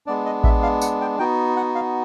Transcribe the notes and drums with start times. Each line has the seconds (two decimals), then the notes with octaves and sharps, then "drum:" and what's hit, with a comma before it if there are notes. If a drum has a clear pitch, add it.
0.06 G#3 B3 D4 D5
0.26 D#5
0.44 E5, drum: kick A1
0.62 F5
0.81 F#5, drum: tambourine
1.01 G5
1.19 B3 D#4 F#4 G5
1.56 F#5
1.75 F5